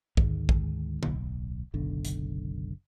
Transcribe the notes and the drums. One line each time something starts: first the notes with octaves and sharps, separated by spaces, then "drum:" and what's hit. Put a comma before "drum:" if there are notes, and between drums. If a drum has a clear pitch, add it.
D2 G#2 D#3 G#3, drum: kick
drum: kick
D1 B1, drum: tom D3
F#1 B1 D3
drum: hi-hat